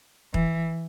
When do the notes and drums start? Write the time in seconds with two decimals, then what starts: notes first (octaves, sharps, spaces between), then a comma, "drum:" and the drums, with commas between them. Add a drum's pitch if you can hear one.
0.34 E3, drum: kick